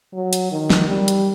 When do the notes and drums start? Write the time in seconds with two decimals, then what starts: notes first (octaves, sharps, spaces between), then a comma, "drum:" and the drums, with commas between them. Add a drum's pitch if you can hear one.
0.13 F#3
0.33 drum: hi-hat
0.52 D#3
0.70 drum: snare
0.89 G3
1.08 drum: hi-hat